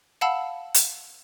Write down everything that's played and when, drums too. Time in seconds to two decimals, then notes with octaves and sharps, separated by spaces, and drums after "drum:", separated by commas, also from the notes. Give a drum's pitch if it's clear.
0.21 F5 F#5 A5 B5 E6
0.74 drum: hi-hat